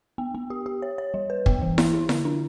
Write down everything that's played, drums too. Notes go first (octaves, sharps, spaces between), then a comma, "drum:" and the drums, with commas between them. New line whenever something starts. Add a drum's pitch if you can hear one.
B3
B3
G4
G4
C#5
C#5
G3
B4
B3, drum: kick
E3
E4, drum: snare E4
E4
D3, drum: snare E4
D4